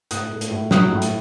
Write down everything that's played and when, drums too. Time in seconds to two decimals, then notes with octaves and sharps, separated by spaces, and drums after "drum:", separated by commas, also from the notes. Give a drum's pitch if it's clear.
0.11 A2 D#6 F#6, drum: hi-hat
0.31 A3
0.41 drum: hi-hat
0.51 A2
0.71 F#3 D#6 F#6, drum: snare
0.92 A2
1.02 drum: hi-hat